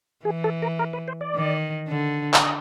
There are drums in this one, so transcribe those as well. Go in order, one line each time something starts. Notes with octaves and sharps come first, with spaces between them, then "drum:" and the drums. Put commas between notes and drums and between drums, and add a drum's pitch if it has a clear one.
E3 G#4
A4
A#4
A#4
B4
C5
D5
D#3
D3
drum: clap
D#5